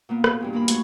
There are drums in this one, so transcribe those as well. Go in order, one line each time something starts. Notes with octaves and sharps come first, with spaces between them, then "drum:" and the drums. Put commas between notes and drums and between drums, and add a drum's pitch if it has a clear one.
A#2 A#3 B3
B2 G#4, drum: rim click
E2 G2 A#2
E2 A#3 F4 A#4 B5
A3 F4 F#4 C#5, drum: hi-hat